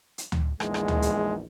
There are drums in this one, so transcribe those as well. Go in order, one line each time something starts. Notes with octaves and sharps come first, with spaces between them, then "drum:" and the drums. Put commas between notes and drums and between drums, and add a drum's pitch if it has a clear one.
drum: hi-hat
drum: tom D2
A#1 E2 G#3 D#4, drum: rim click
drum: rim click
drum: tom D2
drum: hi-hat